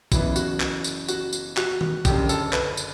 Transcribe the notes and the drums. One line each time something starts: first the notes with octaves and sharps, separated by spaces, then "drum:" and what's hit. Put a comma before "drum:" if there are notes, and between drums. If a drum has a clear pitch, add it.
F#1 F#2 E3 B3 E4, drum: kick A#1, tambourine
F#4, drum: tambourine
drum: clap
drum: tambourine
F#4, drum: tambourine
drum: tambourine
F#4, drum: clap
drum: tom D#3
F#1 F#2 D3 G4, drum: kick A#1, tambourine
A4, drum: tambourine
B4, drum: clap
drum: tambourine